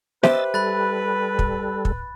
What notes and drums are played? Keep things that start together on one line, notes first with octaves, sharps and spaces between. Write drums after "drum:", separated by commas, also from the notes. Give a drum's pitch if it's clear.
G4 B4 C5 D#5 E5 E6 A6, drum: snare
G3 A4 B5 F#6 A6
drum: kick
drum: kick